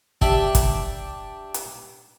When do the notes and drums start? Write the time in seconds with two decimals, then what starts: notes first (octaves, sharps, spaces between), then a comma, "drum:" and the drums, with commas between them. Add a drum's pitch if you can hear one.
0.21 D4 G4 D5 E5 A5, drum: kick
0.55 drum: kick, hi-hat
1.54 drum: hi-hat